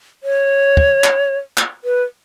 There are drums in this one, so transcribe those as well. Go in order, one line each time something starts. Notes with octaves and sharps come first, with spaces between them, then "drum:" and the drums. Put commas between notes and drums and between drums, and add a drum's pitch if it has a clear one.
C#5
drum: kick
drum: clap
drum: clap
B4